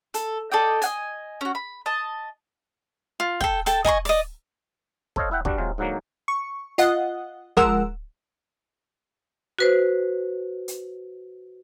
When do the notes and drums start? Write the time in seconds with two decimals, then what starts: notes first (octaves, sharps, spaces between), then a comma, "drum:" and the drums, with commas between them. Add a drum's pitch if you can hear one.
0.14 A4, drum: hi-hat
0.52 A4 D5 D#5 G5
0.82 D#5 F#5 G#5, drum: hi-hat
1.41 C#4 F#4
1.55 B5
1.86 D#5 A5
3.20 F4
3.41 A4 G5, drum: kick
3.66 A4 G5 A5, drum: hi-hat
3.85 D#5 G#5 A#5 C#6, drum: kick
4.05 D5 D#5, drum: open hi-hat
5.16 A4 C5 C#5 D#5 F5, drum: kick
5.31 E4 E5 F#5 G5
5.45 G2 G3 D4 F#4, drum: kick
5.58 C3 F#3 G#3 F4
5.78 G#2 D3 F#3 A#3
6.28 C#6
6.78 F4 D#5 F#5, drum: hi-hat
7.57 F3 G#3 A#4 F#5 E6, drum: kick
9.59 F#4 B4 C5
10.68 drum: hi-hat